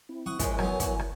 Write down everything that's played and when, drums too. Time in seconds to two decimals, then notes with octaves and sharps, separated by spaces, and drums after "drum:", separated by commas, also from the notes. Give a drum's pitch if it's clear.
0.09 C4 E4
0.26 F#5 C#6 D#6
0.39 E3 F3 G#3 A#4 C#5 G#5, drum: kick, hi-hat
0.59 F#3 B3, drum: rim click
0.80 E2 F#4, drum: kick, hi-hat
0.99 drum: rim click